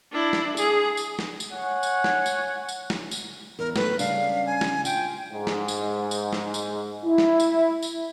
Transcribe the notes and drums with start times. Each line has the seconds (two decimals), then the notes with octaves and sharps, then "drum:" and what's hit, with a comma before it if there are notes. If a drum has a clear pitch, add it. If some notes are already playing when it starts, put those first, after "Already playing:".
0.13 D4 E4
0.33 drum: snare
0.57 G#4, drum: tambourine
0.97 drum: tambourine
1.19 drum: snare
1.40 drum: tambourine
1.52 C#5 F#5 G#5
1.83 drum: tambourine
2.04 drum: snare
2.26 drum: tambourine
2.69 drum: tambourine
2.90 drum: snare
3.11 drum: tambourine
3.59 E2 A#4
3.76 F#3 A3 B4, drum: snare
3.99 C#3 G3 D4 F5, drum: tambourine
4.46 G#5
4.61 drum: snare
4.85 F4 G5, drum: tambourine
5.33 G#2
5.47 drum: snare
5.68 drum: tambourine
6.11 drum: tambourine
6.33 drum: snare
6.54 drum: tambourine
7.05 E4
7.18 drum: snare
7.40 drum: tambourine
7.82 drum: tambourine